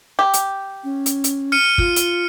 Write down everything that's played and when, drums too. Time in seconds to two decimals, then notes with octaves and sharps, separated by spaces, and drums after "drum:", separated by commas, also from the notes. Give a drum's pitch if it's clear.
0.19 G4
0.33 drum: hi-hat
0.84 C#4
1.06 drum: hi-hat
1.24 drum: hi-hat
1.52 F6 C#7 D#7
1.78 F4, drum: kick
1.96 drum: hi-hat